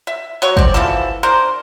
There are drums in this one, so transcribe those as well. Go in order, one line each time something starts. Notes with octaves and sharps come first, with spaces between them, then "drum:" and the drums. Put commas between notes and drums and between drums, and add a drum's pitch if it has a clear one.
E5
F#3 C#5 C#6
C4 D5, drum: kick
E3 F3 F#4 A4
D4 A#4 C5